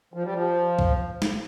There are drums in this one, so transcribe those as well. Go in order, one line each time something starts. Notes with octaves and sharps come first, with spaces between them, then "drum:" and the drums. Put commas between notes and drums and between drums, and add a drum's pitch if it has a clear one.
F3
G3
F3
drum: kick B1
drum: snare